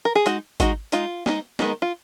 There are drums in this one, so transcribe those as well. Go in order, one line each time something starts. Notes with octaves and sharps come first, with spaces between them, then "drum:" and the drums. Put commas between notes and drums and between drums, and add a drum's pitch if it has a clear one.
A#4
G#4
G#3 D#4 F#4, drum: hi-hat
G#3 D#4 F#4, drum: kick G#1, hi-hat
G#3 D#4 F4, drum: hi-hat
G#3 D#4, drum: snare
D#3 G#3 B3 D#4, drum: snare
F4